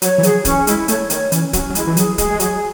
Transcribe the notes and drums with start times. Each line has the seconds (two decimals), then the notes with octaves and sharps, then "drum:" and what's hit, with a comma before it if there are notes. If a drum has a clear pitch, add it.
0.02 F#3 C#5, drum: hi-hat
0.18 E3
0.23 F#3 G#4, drum: hi-hat
0.45 E3 C#4, drum: kick, hi-hat
0.67 G#3 E4, drum: hi-hat
0.88 A3 C#5, drum: hi-hat
1.10 D#3 C#5, drum: hi-hat
1.32 E3 C#4, drum: hi-hat
1.53 F#3 C#4, drum: kick, hi-hat
1.70 F#3
1.75 G#3 E4, drum: hi-hat
1.87 E3
1.97 F#3 G#4, drum: hi-hat
2.18 G#3 G#4, drum: kick, hi-hat
2.30 G#3
2.40 F#3 G#4, drum: hi-hat